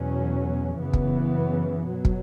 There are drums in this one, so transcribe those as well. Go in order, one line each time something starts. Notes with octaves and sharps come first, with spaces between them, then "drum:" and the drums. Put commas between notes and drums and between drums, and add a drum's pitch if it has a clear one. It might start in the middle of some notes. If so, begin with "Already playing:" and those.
Already playing: E2 B2 F#3 C#4
F#2 C#3 E3 B3
drum: kick
B2 F#3
drum: kick